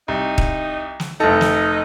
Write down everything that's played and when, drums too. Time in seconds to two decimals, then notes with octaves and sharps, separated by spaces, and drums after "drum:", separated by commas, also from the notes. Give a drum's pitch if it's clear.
0.08 C2 D#4
0.38 drum: kick D#1
1.00 drum: snare
1.20 F1 D#4 A4
1.41 drum: snare